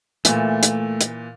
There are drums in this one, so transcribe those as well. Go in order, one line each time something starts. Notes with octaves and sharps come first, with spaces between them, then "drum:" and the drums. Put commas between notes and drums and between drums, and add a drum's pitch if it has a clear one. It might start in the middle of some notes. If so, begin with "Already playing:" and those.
A#2 E3 A3, drum: hi-hat
drum: hi-hat
drum: hi-hat